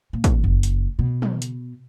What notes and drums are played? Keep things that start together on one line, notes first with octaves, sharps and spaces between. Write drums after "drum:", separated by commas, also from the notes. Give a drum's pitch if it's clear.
A#2
drum: kick, hi-hat
F#1
drum: hi-hat
B2
drum: tom
drum: hi-hat